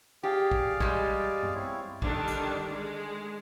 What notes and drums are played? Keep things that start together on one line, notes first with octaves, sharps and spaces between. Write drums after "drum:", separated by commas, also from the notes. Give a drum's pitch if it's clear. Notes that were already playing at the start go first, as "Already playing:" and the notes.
G4 G#4 D5 F5
drum: kick
G3 G#3, drum: kick
drum: tom G2
C4 E4 C#5
D3 D#3 G3 D4, drum: kick
drum: hi-hat
G#3